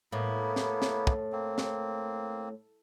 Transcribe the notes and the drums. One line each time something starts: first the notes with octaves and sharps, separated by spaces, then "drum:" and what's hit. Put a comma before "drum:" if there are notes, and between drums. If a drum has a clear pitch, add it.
A2 A#3 B3 E4
drum: snare
drum: snare
drum: kick
A#3 C4
drum: snare